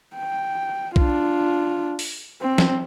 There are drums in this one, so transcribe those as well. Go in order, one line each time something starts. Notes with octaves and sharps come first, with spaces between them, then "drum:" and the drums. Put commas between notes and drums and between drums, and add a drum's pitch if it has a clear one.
G5
D4 F4, drum: kick B1
drum: open hi-hat
C4
drum: snare